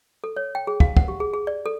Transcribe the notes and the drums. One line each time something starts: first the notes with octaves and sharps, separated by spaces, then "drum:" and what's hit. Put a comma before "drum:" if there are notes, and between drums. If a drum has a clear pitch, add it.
A4
C#5
G5
G#4
F5, drum: kick
F#5, drum: kick
G4
G#4
G#4
D5
A4